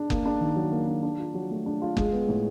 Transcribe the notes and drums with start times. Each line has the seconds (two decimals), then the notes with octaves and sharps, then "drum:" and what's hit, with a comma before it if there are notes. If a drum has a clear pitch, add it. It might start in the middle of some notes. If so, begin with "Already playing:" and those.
Already playing: D4
0.10 A#3, drum: kick F#1
0.26 D4
0.41 D#3
0.56 F#3
0.72 A#3
0.87 D4
1.03 D4
1.19 F4
1.34 F#3
1.51 A3
1.66 D4
1.82 F4
1.97 G#3, drum: kick F#1
2.12 B3
2.29 A2